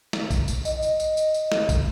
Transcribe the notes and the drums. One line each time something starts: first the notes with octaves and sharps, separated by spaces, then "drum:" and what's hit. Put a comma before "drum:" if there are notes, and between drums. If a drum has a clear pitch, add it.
drum: snare
drum: kick, tambourine
drum: tambourine
D#5, drum: tambourine
drum: tambourine
drum: tambourine
drum: tambourine
drum: tambourine
drum: snare
drum: kick, tambourine